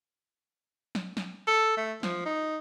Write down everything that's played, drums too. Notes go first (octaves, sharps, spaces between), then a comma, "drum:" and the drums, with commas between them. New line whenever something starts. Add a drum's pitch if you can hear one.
drum: snare
drum: snare
A4
A3
F3, drum: snare
D#4